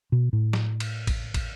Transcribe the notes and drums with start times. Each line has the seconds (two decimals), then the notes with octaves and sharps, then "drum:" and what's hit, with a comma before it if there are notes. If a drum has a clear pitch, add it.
0.12 B2
0.33 A2
0.53 drum: snare
0.80 drum: cymbal
1.07 drum: kick, cymbal
1.34 drum: kick, cymbal